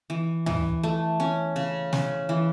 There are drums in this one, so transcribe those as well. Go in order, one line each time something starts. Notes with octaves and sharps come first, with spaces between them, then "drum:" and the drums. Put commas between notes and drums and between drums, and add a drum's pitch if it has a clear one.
E3
E3, drum: tom
A3
C#4
C#3
C#4, drum: snare
E3